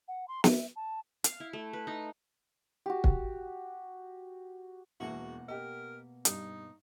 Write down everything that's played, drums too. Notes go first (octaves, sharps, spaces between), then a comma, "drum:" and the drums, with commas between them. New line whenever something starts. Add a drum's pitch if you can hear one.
F#5
C6
E5, drum: snare
A5
F5, drum: hi-hat
E4
A3
B4
D#4
F#4 G4
drum: kick
E1 E2 B2 A#3 E4 F#4 F#5
G4 A#4 D#5
G2 G3 D#4, drum: hi-hat